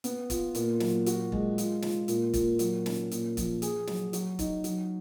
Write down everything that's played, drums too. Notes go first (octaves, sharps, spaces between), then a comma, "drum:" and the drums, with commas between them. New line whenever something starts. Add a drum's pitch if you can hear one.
B3, drum: hi-hat
F4, drum: kick, hi-hat
A#2, drum: hi-hat
F#3, drum: snare
F#4, drum: hi-hat
G#3, drum: kick
F4, drum: hi-hat
F4, drum: snare
A#2, drum: hi-hat
A#2, drum: kick, hi-hat
F#3, drum: hi-hat
C#4, drum: snare
A#2, drum: hi-hat
F3, drum: kick, hi-hat
G#4, drum: hi-hat
F#3, drum: snare
F#3, drum: hi-hat
D#4, drum: kick, hi-hat
F#3, drum: hi-hat